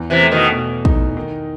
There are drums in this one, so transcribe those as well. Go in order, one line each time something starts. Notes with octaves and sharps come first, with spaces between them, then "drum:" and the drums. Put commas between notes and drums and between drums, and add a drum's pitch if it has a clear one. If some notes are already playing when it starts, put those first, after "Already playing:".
Already playing: E2
C3 E3
A3
B2 D#3
B2
D#4, drum: kick
D#3